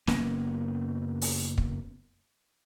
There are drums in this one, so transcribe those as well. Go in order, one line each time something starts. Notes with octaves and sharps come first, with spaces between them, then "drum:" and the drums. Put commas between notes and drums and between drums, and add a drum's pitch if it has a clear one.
F#1 A#3 B3 C#4, drum: snare
drum: open hi-hat
drum: kick